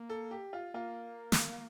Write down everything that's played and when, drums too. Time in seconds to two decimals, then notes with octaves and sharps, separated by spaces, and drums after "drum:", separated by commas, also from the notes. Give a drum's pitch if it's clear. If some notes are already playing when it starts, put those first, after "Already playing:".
Already playing: A#3
0.09 A4
0.31 G4
0.53 F4
0.74 A#3 F4
1.32 drum: snare